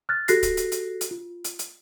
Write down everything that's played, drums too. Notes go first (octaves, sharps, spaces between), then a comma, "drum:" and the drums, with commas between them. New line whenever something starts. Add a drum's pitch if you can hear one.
F6 F#6 A6
F#4 G4 A4 F#6 A#6 C7, drum: hi-hat
drum: kick C#1, hi-hat
drum: hi-hat
drum: hi-hat
drum: hi-hat
F4
drum: hi-hat
drum: hi-hat